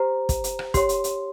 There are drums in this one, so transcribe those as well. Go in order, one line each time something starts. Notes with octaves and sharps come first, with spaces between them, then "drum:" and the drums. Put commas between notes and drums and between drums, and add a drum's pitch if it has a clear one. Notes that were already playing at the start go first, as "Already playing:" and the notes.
Already playing: G4 C5 A#5
drum: kick, hi-hat
drum: hi-hat
drum: rim click
G4 C#5 C6, drum: kick, hi-hat
drum: hi-hat
drum: hi-hat